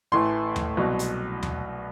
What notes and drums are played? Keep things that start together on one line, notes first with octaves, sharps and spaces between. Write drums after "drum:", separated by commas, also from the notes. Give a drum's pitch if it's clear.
A1 A2 E3 A3 C6
drum: tom D#2
C2 B2 F#3
drum: hi-hat
drum: tom D#2